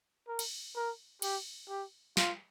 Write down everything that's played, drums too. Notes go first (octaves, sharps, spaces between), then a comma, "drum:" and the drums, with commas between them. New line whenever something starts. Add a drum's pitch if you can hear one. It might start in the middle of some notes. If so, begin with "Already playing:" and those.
A#4
drum: cymbal
A#4
G4, drum: cymbal
G4
F4, drum: snare